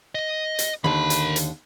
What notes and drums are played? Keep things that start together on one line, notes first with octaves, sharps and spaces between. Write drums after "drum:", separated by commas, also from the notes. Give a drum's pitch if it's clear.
D#5
drum: hi-hat
D#2 D3 A#4 B5
drum: hi-hat
drum: hi-hat